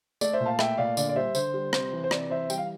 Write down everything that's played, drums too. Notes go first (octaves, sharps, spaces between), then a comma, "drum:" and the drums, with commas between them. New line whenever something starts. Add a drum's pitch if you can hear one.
A3 D5, drum: tambourine
C5 E5
A#2
F5 A5
A3 E5 G5, drum: rim click
A#2 D5 F5
D3 D5 F5, drum: tambourine
D5
G3 C5 E5
D3 C5, drum: tambourine
G3
C3 C5, drum: rim click
E3
C5
C3 D5, drum: rim click
E3 C5 E5
G3 G5, drum: tambourine
F5